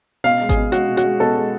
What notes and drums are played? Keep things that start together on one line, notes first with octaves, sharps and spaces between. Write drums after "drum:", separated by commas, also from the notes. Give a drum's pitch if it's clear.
B2 F5
G#3
G#4, drum: kick G#1, hi-hat
B2
G#3 F#4, drum: hi-hat
B2
F#4, drum: hi-hat
G#3
B2 A4
G#3